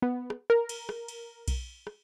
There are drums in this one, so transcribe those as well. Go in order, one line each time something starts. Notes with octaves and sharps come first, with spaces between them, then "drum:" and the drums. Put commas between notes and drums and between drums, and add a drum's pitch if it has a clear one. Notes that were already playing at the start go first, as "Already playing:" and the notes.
B3
drum: rim click
A#4
drum: cymbal
drum: rim click
drum: cymbal
drum: kick B1, cymbal
drum: rim click